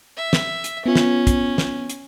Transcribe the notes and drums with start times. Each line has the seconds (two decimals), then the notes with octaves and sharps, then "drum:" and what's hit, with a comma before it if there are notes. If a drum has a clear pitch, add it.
0.17 E5
0.33 drum: snare
0.64 drum: hi-hat
0.86 B3 C#4 F4
0.95 drum: snare
1.27 drum: kick, hi-hat
1.58 drum: snare
1.89 drum: hi-hat